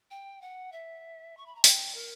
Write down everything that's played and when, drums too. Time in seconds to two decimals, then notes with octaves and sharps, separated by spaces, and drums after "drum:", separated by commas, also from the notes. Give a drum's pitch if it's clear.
0.11 G5
0.41 F#5
0.72 E5
1.37 C#6
1.46 B5
1.55 A#5
1.64 G5, drum: open hi-hat
1.95 A#4